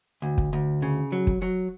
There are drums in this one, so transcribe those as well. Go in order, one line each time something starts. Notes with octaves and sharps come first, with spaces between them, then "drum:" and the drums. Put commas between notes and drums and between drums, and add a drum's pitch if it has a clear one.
D2
drum: kick
D2
C#3
F#3
drum: kick
F#3